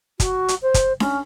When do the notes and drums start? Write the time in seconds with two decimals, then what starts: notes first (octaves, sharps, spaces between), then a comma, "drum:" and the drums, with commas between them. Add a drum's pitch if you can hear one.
0.20 F#4, drum: kick, hi-hat
0.48 drum: hi-hat
0.62 C5
0.74 drum: kick, hi-hat
1.00 C#4, drum: snare D4